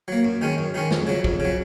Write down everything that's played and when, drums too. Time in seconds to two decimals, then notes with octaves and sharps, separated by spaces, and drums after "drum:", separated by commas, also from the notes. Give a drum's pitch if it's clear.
0.08 F#3 A#3
0.24 F#2
0.41 D#3 G#3 C#4
0.58 F#2
0.74 D#3 G#3 C#4
0.91 F2, drum: snare
1.07 C#3 F#3
1.24 F2, drum: kick
1.40 C#3 F#3